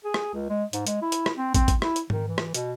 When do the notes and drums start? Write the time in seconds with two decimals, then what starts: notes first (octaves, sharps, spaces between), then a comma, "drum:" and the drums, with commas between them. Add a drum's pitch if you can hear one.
0.05 G#4
0.14 drum: rim click
0.34 C#2
0.50 G#3
0.73 G#2, drum: hi-hat
0.87 G#3, drum: hi-hat
1.02 E4
1.12 drum: hi-hat
1.26 drum: rim click
1.36 C4
1.54 C4, drum: kick, hi-hat
1.68 drum: kick, hi-hat
1.82 E4, drum: rim click
1.96 drum: hi-hat
2.10 D#3, drum: tom G#2
2.28 E3
2.38 drum: rim click
2.54 B2, drum: hi-hat